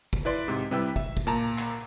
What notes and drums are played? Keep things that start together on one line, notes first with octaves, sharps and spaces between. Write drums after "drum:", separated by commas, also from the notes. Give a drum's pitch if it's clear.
drum: kick
E4 B4 D5 C6
G#2 C3
C3 G3 E4 B4 G5 E6
E5, drum: kick
drum: kick
A#2 A5 A#5
drum: clap